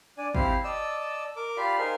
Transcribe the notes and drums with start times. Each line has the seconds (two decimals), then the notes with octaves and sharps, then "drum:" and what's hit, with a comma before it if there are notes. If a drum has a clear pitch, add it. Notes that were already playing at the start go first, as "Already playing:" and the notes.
0.18 D4 D5 G#5
0.34 C4 E4 G4 C5 F5, drum: kick
0.64 D5 D#5 A5 E6
1.36 A#4 D6
1.57 F4 G4 D5 F5 B5
1.78 D#4 G#4 A#4 C5 F5